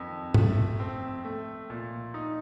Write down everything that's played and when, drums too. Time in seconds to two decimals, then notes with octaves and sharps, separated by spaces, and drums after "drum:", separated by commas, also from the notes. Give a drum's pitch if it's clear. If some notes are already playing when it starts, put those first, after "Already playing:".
Already playing: F2 D#3
0.34 A3, drum: tom G#2
0.80 C4
1.25 A3
1.70 A#2
2.14 D#4